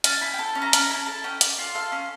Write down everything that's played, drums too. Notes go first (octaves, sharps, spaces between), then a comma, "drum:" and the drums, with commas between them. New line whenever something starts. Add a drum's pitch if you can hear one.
C#4 A5, drum: hi-hat
E4
G5
A4 A5
C#4
A#5
C#4 A5, drum: hi-hat
A#5
E4 A5
A4 A5
C#4 G5
C#4 D5, drum: hi-hat
F4
A4 F5
C#4